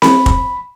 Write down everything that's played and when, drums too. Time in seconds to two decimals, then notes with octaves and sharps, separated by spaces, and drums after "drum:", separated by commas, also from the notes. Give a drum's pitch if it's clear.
0.02 B5, drum: snare C4
0.26 drum: kick